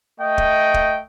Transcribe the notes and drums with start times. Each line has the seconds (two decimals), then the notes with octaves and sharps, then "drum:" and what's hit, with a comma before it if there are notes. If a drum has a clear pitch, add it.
0.20 A3 D#5 G5
0.38 drum: kick
0.74 drum: kick